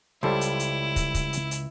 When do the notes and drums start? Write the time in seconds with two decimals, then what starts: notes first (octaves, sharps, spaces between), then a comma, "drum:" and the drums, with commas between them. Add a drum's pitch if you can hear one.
0.23 C#2 G3 E4 A4 C5
0.41 drum: hi-hat
0.60 drum: hi-hat
0.96 drum: kick, hi-hat
1.14 drum: kick, hi-hat
1.33 drum: hi-hat
1.51 drum: hi-hat